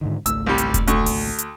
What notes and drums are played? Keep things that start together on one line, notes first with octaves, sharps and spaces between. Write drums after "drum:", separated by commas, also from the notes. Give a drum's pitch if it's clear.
G#2 D3 D#3
G#1 C#2 A3 E6, drum: hi-hat
C2 G3
drum: hi-hat
drum: kick E1, hi-hat
D2 C#6, drum: hi-hat
drum: open hi-hat
drum: hi-hat